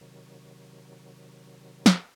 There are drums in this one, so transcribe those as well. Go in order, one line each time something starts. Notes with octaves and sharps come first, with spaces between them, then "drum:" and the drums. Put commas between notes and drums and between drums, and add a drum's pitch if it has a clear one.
C3 D#3 F#3
drum: snare